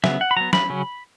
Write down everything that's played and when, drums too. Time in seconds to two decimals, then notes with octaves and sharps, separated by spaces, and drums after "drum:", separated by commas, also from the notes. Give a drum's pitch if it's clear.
0.04 C#3 F#3 B3 E5, drum: snare
0.21 F#5
0.31 B5
0.37 F#3 B3 A#5
0.53 B5, drum: snare
0.70 C#3 F#3 C#4